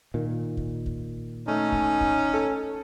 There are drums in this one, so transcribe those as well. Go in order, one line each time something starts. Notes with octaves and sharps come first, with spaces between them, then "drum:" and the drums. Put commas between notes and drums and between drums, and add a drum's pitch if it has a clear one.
A#2 D#3
drum: kick
drum: kick
A3 C#4 D#4
drum: kick
drum: kick
A4